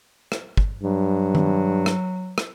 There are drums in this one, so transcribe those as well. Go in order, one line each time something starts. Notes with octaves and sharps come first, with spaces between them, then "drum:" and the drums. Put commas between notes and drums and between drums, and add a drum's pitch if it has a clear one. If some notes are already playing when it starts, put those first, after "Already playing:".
drum: rim click
drum: kick
G2 F#3
drum: tom D#3
drum: rim click
drum: rim click